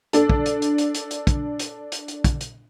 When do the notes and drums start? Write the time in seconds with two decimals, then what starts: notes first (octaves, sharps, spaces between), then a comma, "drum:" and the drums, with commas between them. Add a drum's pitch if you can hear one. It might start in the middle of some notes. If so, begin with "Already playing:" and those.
0.13 D4 A4, drum: hi-hat
0.30 drum: kick
0.46 drum: hi-hat
0.62 drum: hi-hat
0.78 drum: hi-hat
0.94 drum: hi-hat
1.11 drum: hi-hat
1.27 drum: kick, hi-hat
1.59 drum: hi-hat
1.92 drum: hi-hat
2.08 drum: hi-hat
2.24 drum: kick, hi-hat
2.41 drum: hi-hat